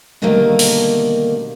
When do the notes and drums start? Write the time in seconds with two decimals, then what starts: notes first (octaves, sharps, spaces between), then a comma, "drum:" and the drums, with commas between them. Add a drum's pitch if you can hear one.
0.22 B2 D3 D#3 G3 A3 A#3
0.59 drum: open hi-hat